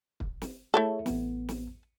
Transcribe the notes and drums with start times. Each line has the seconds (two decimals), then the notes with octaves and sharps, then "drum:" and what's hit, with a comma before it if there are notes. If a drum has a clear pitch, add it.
0.20 drum: kick
0.42 drum: snare
0.74 A3 E4 G#4 A4 C#5
1.06 A1 B3, drum: snare
1.49 drum: snare